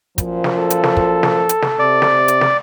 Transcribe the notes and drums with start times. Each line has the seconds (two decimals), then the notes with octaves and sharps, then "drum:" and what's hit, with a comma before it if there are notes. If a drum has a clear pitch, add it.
0.18 F#2 A#2 F3, drum: kick, hi-hat
0.44 drum: snare
0.58 A4
0.70 drum: hi-hat
0.84 drum: snare
0.97 drum: kick
1.23 drum: snare
1.49 drum: hi-hat
1.62 drum: snare
1.79 C3 D5
2.02 drum: snare
2.28 drum: hi-hat
2.41 drum: snare